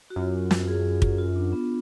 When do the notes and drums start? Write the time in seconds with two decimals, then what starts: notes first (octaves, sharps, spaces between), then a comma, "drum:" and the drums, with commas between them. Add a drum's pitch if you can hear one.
0.10 F#4
0.16 F#2 F4
0.51 drum: snare
0.67 F4 G#4
1.02 drum: kick
1.19 F4
1.36 D4
1.53 B3